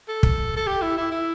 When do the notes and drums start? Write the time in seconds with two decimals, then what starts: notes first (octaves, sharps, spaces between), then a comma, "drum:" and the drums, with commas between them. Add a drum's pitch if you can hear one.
0.08 A4
0.23 drum: kick
0.56 A4
0.67 G4
0.82 E4
0.97 E4
1.11 E4